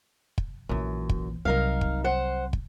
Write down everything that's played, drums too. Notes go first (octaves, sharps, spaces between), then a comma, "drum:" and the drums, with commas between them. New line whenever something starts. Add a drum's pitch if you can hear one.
drum: kick
A#1 F#2 E3
drum: kick
C2 F#3 D#4 A#4 F5
drum: kick
C5 F#5
drum: kick